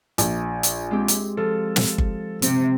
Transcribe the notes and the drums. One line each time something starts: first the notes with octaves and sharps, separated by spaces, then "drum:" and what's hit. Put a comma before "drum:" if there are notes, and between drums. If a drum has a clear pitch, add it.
A#1, drum: hi-hat
drum: hi-hat
G#3 C4 G4
drum: hi-hat
F3 A4
drum: snare
drum: kick G1
C3, drum: hi-hat